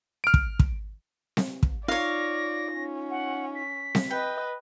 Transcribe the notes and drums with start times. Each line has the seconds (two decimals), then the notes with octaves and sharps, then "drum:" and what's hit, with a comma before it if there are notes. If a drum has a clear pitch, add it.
0.24 F6 D7
0.34 drum: kick
0.60 drum: kick
1.37 drum: snare C4
1.63 drum: kick
1.88 D#4 F4 C#5 D5 F5 A#6
2.73 C#4
3.10 F#5
3.55 B6
3.95 drum: snare C4
4.10 B4 D#5 G5